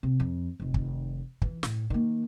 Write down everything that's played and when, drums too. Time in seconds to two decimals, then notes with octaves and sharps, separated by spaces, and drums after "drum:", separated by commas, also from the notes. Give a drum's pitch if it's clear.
0.03 C3
0.20 F2
0.60 F1 D#3
0.74 drum: kick
1.42 E3, drum: kick
1.63 A2, drum: snare
1.90 D#3 A#3